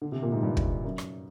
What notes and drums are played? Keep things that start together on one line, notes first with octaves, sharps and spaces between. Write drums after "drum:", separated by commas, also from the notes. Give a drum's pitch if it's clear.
D3
C3
A#2
G#2
G2
drum: kick
F#2
drum: rim click